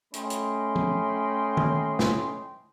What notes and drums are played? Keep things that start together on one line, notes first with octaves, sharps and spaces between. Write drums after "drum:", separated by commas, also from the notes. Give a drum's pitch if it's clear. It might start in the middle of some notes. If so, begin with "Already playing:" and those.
A3 C#4 D#5 G5 B5 C6, drum: hi-hat
drum: hi-hat
drum: tom
drum: tom D#3
drum: snare